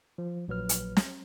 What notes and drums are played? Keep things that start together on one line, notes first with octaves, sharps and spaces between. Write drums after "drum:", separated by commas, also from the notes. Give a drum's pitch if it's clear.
F3
A#1 F#3 B4 F6
drum: hi-hat
drum: snare